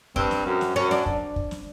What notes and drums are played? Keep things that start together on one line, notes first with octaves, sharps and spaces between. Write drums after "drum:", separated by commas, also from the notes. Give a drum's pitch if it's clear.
G2 C4, drum: kick
drum: snare
F#2
drum: snare
F#2 C#4
D4, drum: snare
drum: kick
drum: kick
drum: snare